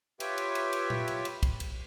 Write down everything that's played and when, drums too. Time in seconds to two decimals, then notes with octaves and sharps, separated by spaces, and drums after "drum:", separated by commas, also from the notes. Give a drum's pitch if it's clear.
0.20 F4 G4 B4 C#5 E5 G5, drum: cymbal
0.38 drum: cymbal
0.55 drum: cymbal
0.73 drum: cymbal
0.90 drum: tom A#2
1.08 drum: cymbal
1.25 drum: cymbal
1.43 drum: kick, cymbal
1.60 drum: cymbal